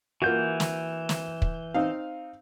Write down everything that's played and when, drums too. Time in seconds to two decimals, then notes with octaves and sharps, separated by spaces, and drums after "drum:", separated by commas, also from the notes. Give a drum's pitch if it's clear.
0.22 E3 A#3 F4 F#4 G6
0.60 drum: snare
1.09 drum: snare
1.42 drum: kick
1.74 C4 D#4 F5